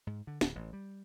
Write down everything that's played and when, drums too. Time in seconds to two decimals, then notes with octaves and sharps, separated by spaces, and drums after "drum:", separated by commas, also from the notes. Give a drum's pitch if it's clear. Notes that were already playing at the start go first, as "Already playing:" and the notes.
0.07 G#2
0.27 D3
0.41 D1, drum: snare
0.55 A1
0.73 G3